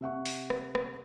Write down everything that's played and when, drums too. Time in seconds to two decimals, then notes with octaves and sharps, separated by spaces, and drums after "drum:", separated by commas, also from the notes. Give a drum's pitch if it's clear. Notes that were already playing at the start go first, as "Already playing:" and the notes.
0.01 C3 E5 F#5 C#6
0.25 drum: open hi-hat
0.50 drum: rim click
0.75 drum: rim click